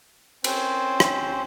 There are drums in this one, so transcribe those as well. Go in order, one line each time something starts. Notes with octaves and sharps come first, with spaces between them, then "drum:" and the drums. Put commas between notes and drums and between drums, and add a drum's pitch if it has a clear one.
C4 C#4 C5, drum: cymbal
drum: rim click